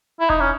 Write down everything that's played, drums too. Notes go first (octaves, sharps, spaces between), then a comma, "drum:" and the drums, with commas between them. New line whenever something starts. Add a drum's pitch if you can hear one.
E4
D#4, drum: kick E1
C#4